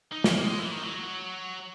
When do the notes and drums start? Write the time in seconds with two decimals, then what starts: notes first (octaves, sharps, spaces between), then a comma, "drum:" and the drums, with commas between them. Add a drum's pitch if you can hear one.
0.12 D#4
0.24 A#3, drum: snare
0.42 G#3
0.59 E3
0.71 D#3
0.83 F#3